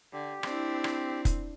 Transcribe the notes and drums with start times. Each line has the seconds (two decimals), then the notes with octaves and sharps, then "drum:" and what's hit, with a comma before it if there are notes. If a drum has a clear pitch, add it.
0.13 D3 G4
0.43 C4 D4 E4, drum: rim click
0.84 drum: rim click
1.25 drum: kick, hi-hat